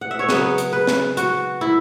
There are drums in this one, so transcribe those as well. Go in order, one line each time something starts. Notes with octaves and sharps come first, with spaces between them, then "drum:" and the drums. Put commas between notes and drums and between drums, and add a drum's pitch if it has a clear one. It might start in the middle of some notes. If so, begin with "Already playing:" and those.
F#5
E5
C#5
C#3 F#3 B3 B4, drum: snare
drum: hi-hat
B4
drum: snare
F#4, drum: hi-hat
E4